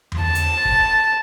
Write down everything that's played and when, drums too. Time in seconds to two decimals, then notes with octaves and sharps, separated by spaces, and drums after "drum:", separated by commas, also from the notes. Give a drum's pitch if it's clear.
0.12 drum: tom E2
0.22 A5
0.35 drum: hi-hat
0.65 drum: kick